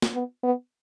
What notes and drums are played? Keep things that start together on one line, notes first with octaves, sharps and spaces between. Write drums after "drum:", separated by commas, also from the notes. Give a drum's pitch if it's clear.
drum: snare
B3
B3